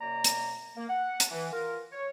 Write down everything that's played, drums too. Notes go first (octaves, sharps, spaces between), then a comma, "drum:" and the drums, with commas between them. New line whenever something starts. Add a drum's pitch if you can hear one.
F#2 B2 A#3 D5 A#5
drum: hi-hat
A#3
F#5
drum: hi-hat
E3
F4 A#4
C#5